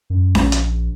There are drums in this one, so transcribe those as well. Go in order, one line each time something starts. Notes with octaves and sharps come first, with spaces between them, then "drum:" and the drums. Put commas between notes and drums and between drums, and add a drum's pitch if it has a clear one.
F#2
A#1, drum: snare C#4
drum: hi-hat